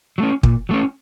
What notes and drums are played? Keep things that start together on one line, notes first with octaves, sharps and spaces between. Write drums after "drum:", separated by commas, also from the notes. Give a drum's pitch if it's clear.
F#3 A3 C#4
A#2, drum: kick
F#3 A3 C#4